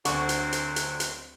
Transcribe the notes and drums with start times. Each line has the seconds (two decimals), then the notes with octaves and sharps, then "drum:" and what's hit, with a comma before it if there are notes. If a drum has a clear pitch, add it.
0.05 D2 D3 F#3 C4 F#5 C#6, drum: hi-hat
0.29 drum: hi-hat
0.53 drum: hi-hat
0.76 drum: hi-hat
1.00 drum: hi-hat